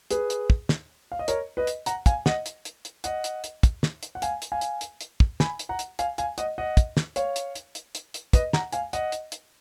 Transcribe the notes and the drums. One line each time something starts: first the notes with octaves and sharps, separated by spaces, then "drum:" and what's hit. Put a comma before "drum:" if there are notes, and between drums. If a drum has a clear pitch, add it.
G#4 B4, drum: hi-hat
drum: hi-hat
drum: kick
drum: snare
F5
D#5
A#4 C#5, drum: hi-hat
B4 D#5
drum: hi-hat
F#5 A#5, drum: hi-hat
F5 G#5, drum: kick, hi-hat
D#5 F#5, drum: snare
drum: hi-hat
drum: hi-hat
drum: hi-hat
D#5 F#5, drum: hi-hat
drum: hi-hat
drum: hi-hat
drum: kick, hi-hat
drum: snare
drum: hi-hat
F#5
F5 G#5, drum: hi-hat
drum: hi-hat
F5 G#5
drum: hi-hat
drum: hi-hat
drum: hi-hat
drum: kick
G#5 B5, drum: snare
drum: hi-hat
F#5 A#5
drum: hi-hat
F5 G#5, drum: hi-hat
F5 G#5, drum: hi-hat
D#5 F#5, drum: hi-hat
D#5 F#5
drum: kick, hi-hat
drum: snare
C#5 F5, drum: hi-hat
drum: hi-hat
drum: hi-hat
drum: hi-hat
drum: hi-hat
drum: hi-hat
B4 D#5, drum: kick, hi-hat
F#5 A#5, drum: snare
F5 G#5, drum: hi-hat
D#5 F#5, drum: hi-hat
drum: hi-hat
drum: hi-hat